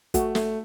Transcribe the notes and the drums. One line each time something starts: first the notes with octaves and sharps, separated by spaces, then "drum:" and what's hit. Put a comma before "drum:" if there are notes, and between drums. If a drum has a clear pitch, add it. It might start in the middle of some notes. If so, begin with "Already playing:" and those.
A3 F#4, drum: kick, hi-hat
A3, drum: snare